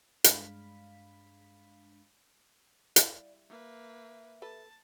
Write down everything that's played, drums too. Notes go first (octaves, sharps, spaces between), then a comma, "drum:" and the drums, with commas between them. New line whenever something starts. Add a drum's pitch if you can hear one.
G2 G#3 D4 F5 B5 B6, drum: hi-hat
G3 E4 D5 F5, drum: hi-hat
A#3 B4 E5
A4 B4 A5